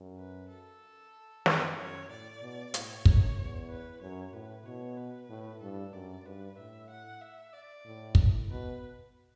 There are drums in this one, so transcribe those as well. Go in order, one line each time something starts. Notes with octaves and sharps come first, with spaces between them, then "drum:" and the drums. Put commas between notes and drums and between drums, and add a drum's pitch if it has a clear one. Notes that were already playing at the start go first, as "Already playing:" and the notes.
Already playing: F#2
B4
A4
F#2, drum: snare
F#2 C#5
A2 D5
B2
A2 C#5, drum: hi-hat
F#2, drum: kick
E2
B4
F#2 C#5
A2 B4
B2 C#5
B4
A2
G2 A4
F#2 D5
G2 B4
A2 E5
F#5
E5
D5
A2
drum: kick
B2 B4